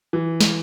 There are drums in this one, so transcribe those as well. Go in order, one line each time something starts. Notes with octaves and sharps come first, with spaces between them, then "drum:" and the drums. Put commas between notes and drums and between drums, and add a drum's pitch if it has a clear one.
E3
drum: snare